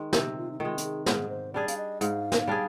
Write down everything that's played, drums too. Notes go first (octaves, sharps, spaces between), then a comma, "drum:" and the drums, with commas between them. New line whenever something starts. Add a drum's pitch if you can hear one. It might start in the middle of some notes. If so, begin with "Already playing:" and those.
Already playing: D#3 G#3
C3 G4, drum: snare
F4
D#4
D#3 G#3 F4
A#4, drum: hi-hat
G#4
G#2 G#4, drum: snare
C5
G3 D4 G#4 D5
F5, drum: hi-hat
D#5
G#2 F5, drum: hi-hat
drum: snare
G3 D4 G#4